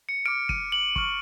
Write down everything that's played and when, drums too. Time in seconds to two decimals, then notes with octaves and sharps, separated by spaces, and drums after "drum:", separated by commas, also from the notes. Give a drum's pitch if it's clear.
0.09 C#7
0.26 D6 F6 D7
0.49 D#7, drum: kick
0.72 F#7
0.96 C#6 F6, drum: kick